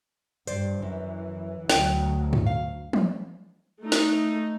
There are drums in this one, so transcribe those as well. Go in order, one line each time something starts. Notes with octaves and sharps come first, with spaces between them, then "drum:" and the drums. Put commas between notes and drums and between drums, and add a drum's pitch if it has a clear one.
G2 C5 D5, drum: hi-hat
F#2 E3
D2 F#3 G5, drum: snare
drum: tom
F5
drum: tom
A3 D#4
drum: snare